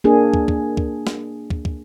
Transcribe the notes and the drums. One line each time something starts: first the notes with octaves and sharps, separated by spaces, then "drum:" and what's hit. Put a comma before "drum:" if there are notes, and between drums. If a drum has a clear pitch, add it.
A#3 D4 G#4
drum: kick
drum: kick
drum: kick
drum: snare
drum: kick
drum: kick